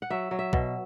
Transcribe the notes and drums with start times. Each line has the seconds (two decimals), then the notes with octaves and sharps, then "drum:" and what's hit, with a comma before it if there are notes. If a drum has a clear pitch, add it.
0.02 F#5
0.10 F#3 E5
0.31 F#3
0.39 E5
0.53 B2, drum: kick A#1